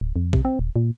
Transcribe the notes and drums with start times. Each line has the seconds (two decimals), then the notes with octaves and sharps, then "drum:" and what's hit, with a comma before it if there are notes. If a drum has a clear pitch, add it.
0.01 D1
0.16 F2
0.33 C3, drum: kick
0.45 C4
0.59 D#1
0.76 A#2